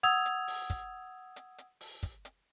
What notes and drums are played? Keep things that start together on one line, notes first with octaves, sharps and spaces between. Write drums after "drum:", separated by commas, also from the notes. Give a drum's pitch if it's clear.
F#5 D#6 E6 G#6 F7, drum: hi-hat
drum: hi-hat
drum: open hi-hat
drum: kick, hi-hat
drum: hi-hat
drum: hi-hat
drum: open hi-hat
drum: kick, hi-hat
drum: hi-hat